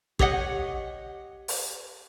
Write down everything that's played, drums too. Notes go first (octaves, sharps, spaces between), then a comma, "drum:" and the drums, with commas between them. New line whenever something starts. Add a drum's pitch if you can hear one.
G4 C#5 D#5 F#5, drum: kick
drum: open hi-hat